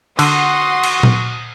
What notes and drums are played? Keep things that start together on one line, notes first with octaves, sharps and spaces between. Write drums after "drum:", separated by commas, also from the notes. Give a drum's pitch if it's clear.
D3 F#4 F#5 C6 D#6, drum: cymbal
drum: cymbal
drum: tom A#2